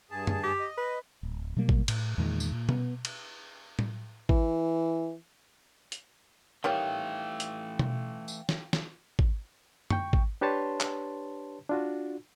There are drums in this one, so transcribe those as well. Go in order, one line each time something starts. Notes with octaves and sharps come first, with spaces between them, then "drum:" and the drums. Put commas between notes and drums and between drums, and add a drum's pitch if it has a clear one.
G2 G#4 A5
drum: tom F#2
G4
D#5
B4
D1
B2 F#3 G3 A#3
drum: kick
A2, drum: cymbal
E2 A#2 D#3 G#3
drum: tambourine
A#2
B3, drum: tom B2
drum: cymbal
drum: tom A2
E3, drum: kick
drum: hi-hat
D#3 E3 G3 A3 C#5 F5 G5
drum: hi-hat
drum: tom B2
drum: tambourine
drum: snare
drum: snare
drum: kick
G5 C#6, drum: tom F#2
drum: kick
D4 G4 B4 C#5 A5 C6
drum: clap
D4 F4 F#4